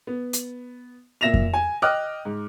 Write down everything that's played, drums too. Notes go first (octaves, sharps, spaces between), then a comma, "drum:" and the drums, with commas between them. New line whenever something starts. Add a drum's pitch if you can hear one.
B3
drum: hi-hat
A#2 E5 A#6 E7 F7
drum: kick F2
G#5
D#5 G5 D6 F6 F#6
G#2